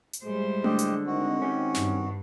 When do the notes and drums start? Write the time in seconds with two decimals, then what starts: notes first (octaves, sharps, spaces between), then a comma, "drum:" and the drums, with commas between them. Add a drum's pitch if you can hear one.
0.13 drum: hi-hat
0.24 A2 G3 G#3 C5
0.64 D3 G4 D#5, drum: tom A3
0.79 drum: hi-hat
1.07 D#3 G#3 C4 F#4
1.42 C#4 G4
1.74 G2, drum: snare